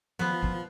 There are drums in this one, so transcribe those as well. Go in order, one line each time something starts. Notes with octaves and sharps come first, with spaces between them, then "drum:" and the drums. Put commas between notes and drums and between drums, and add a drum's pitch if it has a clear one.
F3 B3
drum: kick